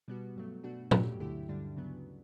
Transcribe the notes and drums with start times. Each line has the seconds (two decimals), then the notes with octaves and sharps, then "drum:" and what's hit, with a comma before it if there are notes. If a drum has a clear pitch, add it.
0.08 B2 G3 B3 F#4
0.36 G2 F#3 A3
0.63 B2 A3 D4 F#4
0.91 G2 F#3 A3 C#4 G4, drum: tom
1.20 D2 D3 A3 E4 G4
1.49 G2 D3 G3 D4
1.76 C#3 F#3 B3